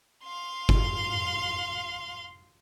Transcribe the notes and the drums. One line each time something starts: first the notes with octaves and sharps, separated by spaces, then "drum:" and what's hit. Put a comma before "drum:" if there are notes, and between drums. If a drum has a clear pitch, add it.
F5 C6
drum: kick G1